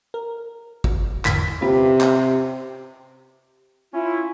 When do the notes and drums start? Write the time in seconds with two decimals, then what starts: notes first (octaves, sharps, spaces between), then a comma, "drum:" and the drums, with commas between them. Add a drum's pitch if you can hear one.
0.14 A#4
0.84 drum: kick
1.25 E2 G#2 D3 B6, drum: clap
1.62 C3 C#4 F4 G4 B4
2.01 drum: clap
3.93 C#4 E4 F4